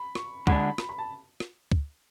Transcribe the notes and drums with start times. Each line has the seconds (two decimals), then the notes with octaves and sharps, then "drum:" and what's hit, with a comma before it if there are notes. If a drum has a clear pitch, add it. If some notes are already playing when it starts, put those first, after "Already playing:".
Already playing: B5
0.15 C#6, drum: rim click
0.47 D3 G#3 D4 B5, drum: kick D2
0.78 B5, drum: rim click
0.89 B5
0.98 A5
1.40 drum: rim click
1.72 drum: kick D2